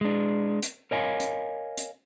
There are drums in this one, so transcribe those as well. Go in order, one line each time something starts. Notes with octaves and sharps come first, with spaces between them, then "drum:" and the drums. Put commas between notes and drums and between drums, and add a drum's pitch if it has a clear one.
G#3 D4
drum: hi-hat
A#4 C#5 D#5 F5 G#5
drum: hi-hat
drum: hi-hat